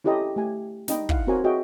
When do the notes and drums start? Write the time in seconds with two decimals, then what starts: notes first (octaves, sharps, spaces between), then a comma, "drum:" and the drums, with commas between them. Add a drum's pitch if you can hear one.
0.04 C#4 E4 G4 A4 D#5 A#5
0.36 A3 G4 G#5
0.88 D4 D#4 D#5 G5 B5, drum: snare
1.09 E4 F5 F#5, drum: kick
1.27 C4 F#4 A#4 C5 C#5 G#5
1.44 F#4 G#4 C#5 D#5 E5 G5